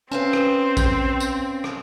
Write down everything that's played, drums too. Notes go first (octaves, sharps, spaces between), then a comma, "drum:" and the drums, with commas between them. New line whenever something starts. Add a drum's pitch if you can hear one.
C4 C#4 B4 C5 F5 A5
drum: rim click
drum: kick A#1, tambourine
drum: tambourine
drum: rim click